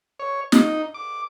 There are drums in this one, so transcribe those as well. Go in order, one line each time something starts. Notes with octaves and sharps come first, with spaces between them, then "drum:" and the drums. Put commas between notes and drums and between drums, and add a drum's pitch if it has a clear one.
C#5
D#4, drum: snare
D6